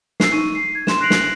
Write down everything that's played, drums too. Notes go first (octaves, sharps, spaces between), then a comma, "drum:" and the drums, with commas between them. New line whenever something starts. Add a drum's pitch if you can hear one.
E6 C7, drum: snare
D#4 C#6 D#7
C7
G#6
C6 E7, drum: snare
F#6 A#6 C7 D7 F7 F#7
drum: snare